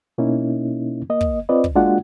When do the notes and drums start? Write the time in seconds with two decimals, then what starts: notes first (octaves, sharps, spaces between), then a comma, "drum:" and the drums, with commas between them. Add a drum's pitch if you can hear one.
0.18 B2 A#3 C#4 D#4 E4
1.10 A#3 D#5
1.21 drum: kick
1.49 C4 F4 B4 D5 D#5
1.64 drum: kick
1.75 G#3 A#3 D4 F4 F#4 F#5